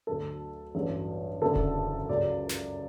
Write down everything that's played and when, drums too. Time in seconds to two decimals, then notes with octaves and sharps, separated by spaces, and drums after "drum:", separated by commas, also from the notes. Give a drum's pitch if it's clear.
0.07 D2 D3 F#3 A4
0.75 A1 G2 F#3
1.42 F#1 F#2 D3 F#3 A4
1.56 drum: kick D#1
2.09 C#2 C#3 F#3 D5
2.49 drum: snare